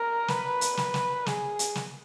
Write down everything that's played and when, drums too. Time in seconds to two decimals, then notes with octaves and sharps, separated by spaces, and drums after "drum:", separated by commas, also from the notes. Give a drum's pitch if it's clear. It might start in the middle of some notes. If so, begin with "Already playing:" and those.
Already playing: A#4
0.28 B4, drum: snare
0.61 drum: hi-hat
0.77 B4, drum: snare
0.94 drum: snare
1.26 G#4, drum: snare
1.59 drum: hi-hat
1.75 drum: snare